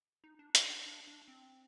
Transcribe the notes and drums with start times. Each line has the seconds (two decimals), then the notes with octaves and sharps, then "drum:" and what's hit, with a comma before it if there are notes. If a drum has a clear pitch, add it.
0.24 D#4
0.39 D4
0.55 D4, drum: hi-hat
0.70 D4
0.86 D4
1.07 D4
1.28 C4